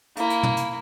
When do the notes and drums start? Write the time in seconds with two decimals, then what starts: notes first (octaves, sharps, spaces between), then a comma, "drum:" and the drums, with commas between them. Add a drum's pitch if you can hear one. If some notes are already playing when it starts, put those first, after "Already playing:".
0.17 A#3 E4, drum: hi-hat
0.30 drum: hi-hat
0.43 drum: tom
0.57 drum: hi-hat